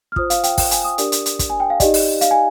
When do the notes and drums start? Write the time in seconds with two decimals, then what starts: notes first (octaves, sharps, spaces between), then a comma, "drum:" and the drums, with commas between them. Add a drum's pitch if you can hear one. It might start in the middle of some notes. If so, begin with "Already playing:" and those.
0.12 F6
0.16 F4 C5 D#6, drum: kick
0.30 F5, drum: hi-hat
0.43 G5, drum: hi-hat
0.58 G5, drum: kick, open hi-hat
0.71 G#5, drum: hi-hat
0.85 D#6
0.98 D4 G4 A#4 D5, drum: hi-hat
1.12 drum: hi-hat
1.26 drum: hi-hat
1.39 drum: kick, hi-hat
1.50 G#5
1.60 G5
1.70 F5
1.80 D#4 G4 D5 D#5, drum: kick, hi-hat
1.94 drum: open hi-hat
2.21 F5, drum: hi-hat
2.31 G#5